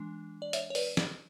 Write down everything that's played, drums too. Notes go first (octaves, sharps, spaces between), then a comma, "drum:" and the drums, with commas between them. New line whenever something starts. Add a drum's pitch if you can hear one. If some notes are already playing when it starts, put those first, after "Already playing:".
Already playing: E3 G#3 D4
D5
C#5 E5, drum: hi-hat
C#5
B4 D5, drum: open hi-hat
drum: snare